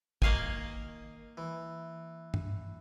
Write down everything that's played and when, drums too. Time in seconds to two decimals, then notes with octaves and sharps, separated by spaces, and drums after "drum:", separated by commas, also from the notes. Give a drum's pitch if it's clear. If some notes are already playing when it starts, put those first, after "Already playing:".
0.22 D#3 A#3 F5 G#5, drum: kick
1.37 E3
2.34 drum: tom G2